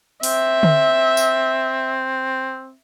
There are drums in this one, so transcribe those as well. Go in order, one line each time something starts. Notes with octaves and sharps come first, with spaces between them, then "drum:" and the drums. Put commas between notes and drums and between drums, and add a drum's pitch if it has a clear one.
C4 E5, drum: open hi-hat
drum: tom D3
drum: tambourine